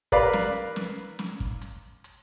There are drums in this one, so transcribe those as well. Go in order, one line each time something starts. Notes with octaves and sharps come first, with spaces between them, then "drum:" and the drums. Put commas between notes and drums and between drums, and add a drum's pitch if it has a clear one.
A#4 B4 D5 F5 B5, drum: kick
drum: snare
drum: snare
drum: snare
drum: kick
drum: hi-hat
drum: hi-hat